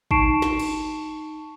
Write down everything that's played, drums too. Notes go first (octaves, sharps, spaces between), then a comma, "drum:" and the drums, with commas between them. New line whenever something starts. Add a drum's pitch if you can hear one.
D#4 A5 C#6 C7 D7 E7, drum: kick
drum: snare
drum: cymbal